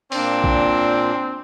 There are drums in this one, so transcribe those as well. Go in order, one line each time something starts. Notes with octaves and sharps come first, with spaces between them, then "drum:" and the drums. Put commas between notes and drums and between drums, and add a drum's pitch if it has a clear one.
A#2 C4 D4, drum: open hi-hat
drum: kick